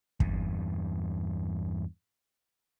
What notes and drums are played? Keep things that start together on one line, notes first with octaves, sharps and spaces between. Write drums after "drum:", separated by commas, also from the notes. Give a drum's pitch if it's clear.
E2 G2, drum: kick